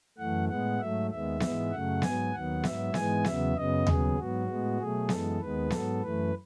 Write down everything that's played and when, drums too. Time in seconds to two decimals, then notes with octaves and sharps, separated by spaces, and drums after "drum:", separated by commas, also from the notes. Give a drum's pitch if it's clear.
0.18 F#2 E3 A3 F#5
0.49 A2 G#3 B3 F#5
0.79 G#2 F#3 A3 E5
1.11 D#2 D#3 G#3 B3 E5
1.40 G#2 E3 G#3 B3, drum: snare B3
1.71 F#2 C#3 F#3 A3 F#5
2.02 G#2 F#3 B3 G#5, drum: snare B3
2.32 D#2 D#3 F#3 B3 F#5
2.64 G#2 F#3 B3 E5, drum: snare B3
2.94 G#2 E3 G#3 B3 G#5, drum: snare B3
3.25 E2 C#3 F#3 B3 E5, drum: snare B3
3.55 F#2 C#3 F#3 B3 D#5
3.87 D#2 C#3 F#3 B3 G#4, drum: tom D#2
4.17 G#2 F#3 B3 F#4
4.48 A2 G#3 B3
4.78 B2 F#3 A3 G#4
5.09 F#2 E3 G#3 B3 A4, drum: snare B3
5.40 D#2 D#3 G#3 B3 B4
5.70 G#2 F#3 B3 A4, drum: snare B3
6.02 F#2 E3 A3 B4